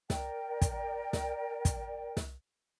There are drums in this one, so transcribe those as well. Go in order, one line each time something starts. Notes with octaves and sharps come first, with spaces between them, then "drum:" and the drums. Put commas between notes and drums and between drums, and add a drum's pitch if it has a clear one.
A#4 D5 G5, drum: snare
drum: kick, hi-hat
drum: snare
drum: kick, hi-hat
drum: snare